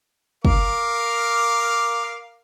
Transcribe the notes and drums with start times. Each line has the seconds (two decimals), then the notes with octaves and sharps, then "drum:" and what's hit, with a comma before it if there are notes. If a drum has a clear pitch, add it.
0.45 A#4 F5 D6, drum: kick